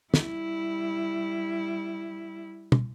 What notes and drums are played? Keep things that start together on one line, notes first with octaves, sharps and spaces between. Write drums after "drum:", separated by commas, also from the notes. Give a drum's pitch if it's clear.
G3 E4, drum: snare
drum: tom